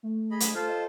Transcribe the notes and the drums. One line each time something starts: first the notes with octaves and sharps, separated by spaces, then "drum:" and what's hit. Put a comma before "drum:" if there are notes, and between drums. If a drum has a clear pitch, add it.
A3
G#4 D#5 B5
drum: hi-hat
F4 A4 C5 F6
D#5